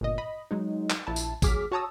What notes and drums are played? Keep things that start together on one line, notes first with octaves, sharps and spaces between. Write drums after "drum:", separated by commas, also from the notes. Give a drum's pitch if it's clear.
G1 A#2 D#5
D#5 B5
F#3 G#3 D#4
drum: clap
A#1 E4 A5
drum: tambourine
A1 F#3 G#4 D6 F6 B6, drum: kick A1, tambourine
F#4 C#5 A5 A#5 D#6 E6